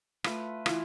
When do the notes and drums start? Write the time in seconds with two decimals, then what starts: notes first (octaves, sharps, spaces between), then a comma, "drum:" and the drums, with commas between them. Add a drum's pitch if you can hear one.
0.24 A3 F4 B4, drum: rim click
0.66 E3 F4, drum: rim click